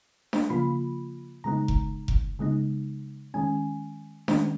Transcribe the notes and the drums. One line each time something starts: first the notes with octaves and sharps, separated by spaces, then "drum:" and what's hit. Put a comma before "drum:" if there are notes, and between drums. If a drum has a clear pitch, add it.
drum: snare D4
C#3 F3 A#3 F4 B5
C#3 G#3 B3 D#4 A#5
drum: kick F1
drum: kick F1
C#3 G#3 B3 D#4
D#3 G#3 C#4 G#5
D#3 G#3 C#4, drum: snare D4